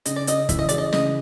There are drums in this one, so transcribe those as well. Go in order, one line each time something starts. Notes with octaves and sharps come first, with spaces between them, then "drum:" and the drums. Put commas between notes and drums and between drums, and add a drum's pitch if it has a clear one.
C#3 D#5, drum: hi-hat
D5
C#4 D#5, drum: hi-hat
E3 E5, drum: kick, hi-hat
D#5
G#3 D5, drum: hi-hat
D#5
C#3 D#5, drum: snare